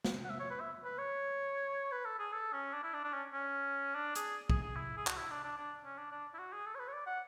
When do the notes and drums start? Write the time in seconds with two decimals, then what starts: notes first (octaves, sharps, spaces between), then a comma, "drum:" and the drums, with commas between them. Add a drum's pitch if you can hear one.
0.05 drum: snare
0.25 F#5
0.30 E5
0.40 C#5
0.50 B4
0.60 E5
0.84 B4
0.98 C#5
1.92 B4
2.05 A4
2.19 G#4
2.33 A4
2.53 C#4
2.73 D4
2.83 E4
2.94 D4
3.04 D4
3.13 C#4
3.33 C#4
3.95 D4
4.15 G#4, drum: hi-hat
4.50 G#4, drum: kick C2
4.62 G#4
4.76 E4
4.97 G#4
5.07 F#4, drum: clap
5.17 E4
5.30 D4
5.44 D4
5.57 D4
5.85 C#4
5.98 D4
6.12 D4
6.34 E4
6.39 F#4
6.53 G#4
6.66 A4
6.75 C#5
6.79 B4
6.88 C#5
6.93 D5
7.06 F#5